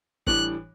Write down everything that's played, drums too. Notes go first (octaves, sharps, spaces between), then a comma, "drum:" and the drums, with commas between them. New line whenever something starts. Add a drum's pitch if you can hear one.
A2 E3 G3 D4 F#6, drum: kick